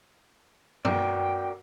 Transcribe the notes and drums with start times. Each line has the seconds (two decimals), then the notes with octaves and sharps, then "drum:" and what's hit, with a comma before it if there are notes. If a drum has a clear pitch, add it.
0.85 F#4 A#4 D5 G5, drum: tom